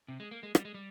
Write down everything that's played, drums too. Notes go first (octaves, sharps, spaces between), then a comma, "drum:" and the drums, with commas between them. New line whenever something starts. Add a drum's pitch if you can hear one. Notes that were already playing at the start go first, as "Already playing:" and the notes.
C3
G#3
A#3
G#3
G3, drum: rim click
G#3
G3